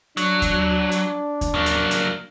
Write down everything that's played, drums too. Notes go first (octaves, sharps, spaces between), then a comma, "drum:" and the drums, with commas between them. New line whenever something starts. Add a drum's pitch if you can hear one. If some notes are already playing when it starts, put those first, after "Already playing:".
F#3 D4, drum: hi-hat
drum: kick D#2, hi-hat
drum: hi-hat
drum: kick D#2, hi-hat
F#3 A#3
drum: hi-hat
drum: hi-hat